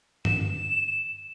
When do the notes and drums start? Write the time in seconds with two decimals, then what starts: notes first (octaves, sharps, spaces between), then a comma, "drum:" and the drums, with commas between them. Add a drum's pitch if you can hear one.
0.25 E7, drum: tom G2